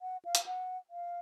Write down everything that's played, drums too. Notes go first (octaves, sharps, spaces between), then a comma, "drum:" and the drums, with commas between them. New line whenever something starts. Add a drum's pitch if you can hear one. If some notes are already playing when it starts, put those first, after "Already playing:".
F#5
F5
drum: hi-hat
F#5
F5